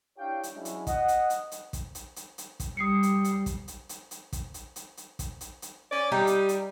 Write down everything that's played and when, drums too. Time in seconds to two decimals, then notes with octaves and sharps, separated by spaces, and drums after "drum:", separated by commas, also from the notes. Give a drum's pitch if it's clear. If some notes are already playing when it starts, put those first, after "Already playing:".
0.18 D4 E4 G4 C#5 F5 G5
0.43 drum: hi-hat
0.55 F#3 G#3 C#4 D4 E4
0.65 drum: hi-hat
0.87 D#5 F#5, drum: kick, hi-hat
1.08 drum: hi-hat
1.30 drum: hi-hat
1.52 drum: hi-hat
1.73 drum: kick, hi-hat
1.95 drum: hi-hat
2.16 drum: hi-hat
2.38 drum: hi-hat
2.60 drum: kick, hi-hat
2.77 G3 D#6 C7 C#7
3.03 drum: hi-hat
3.24 drum: hi-hat
3.46 drum: kick, hi-hat
3.68 drum: hi-hat
3.89 drum: hi-hat
4.11 drum: hi-hat
4.33 drum: kick, hi-hat
4.54 drum: hi-hat
4.76 drum: hi-hat
4.97 drum: hi-hat
5.19 drum: kick, hi-hat
5.41 drum: hi-hat
5.62 drum: hi-hat
5.90 C#4 D5
6.12 G3 D#4 G4
6.27 drum: hi-hat
6.49 drum: hi-hat